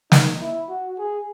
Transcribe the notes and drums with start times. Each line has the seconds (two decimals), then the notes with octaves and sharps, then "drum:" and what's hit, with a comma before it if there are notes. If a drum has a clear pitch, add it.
0.12 D#4, drum: snare
0.41 E4
0.69 F#4
0.99 G#4